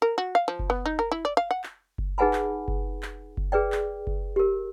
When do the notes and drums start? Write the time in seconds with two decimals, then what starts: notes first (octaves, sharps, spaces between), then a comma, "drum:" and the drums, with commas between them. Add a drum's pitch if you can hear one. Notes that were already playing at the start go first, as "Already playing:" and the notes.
0.02 A#4
0.18 F#4
0.35 F5
0.48 F3
0.59 drum: kick F#1
0.70 B3
0.86 D#4
0.99 A#4
1.12 E4
1.25 D5
1.37 F5
1.51 F#5
1.64 drum: clap
1.98 drum: kick F#1
2.18 D#4 G#4 B4 F#5 G#5 B5
2.33 drum: clap
2.68 drum: kick F#1
3.03 drum: clap
3.37 drum: kick F#1
3.52 G#4 B4 D5 G5
3.72 drum: clap
4.07 drum: kick F#1
4.36 G4 A#4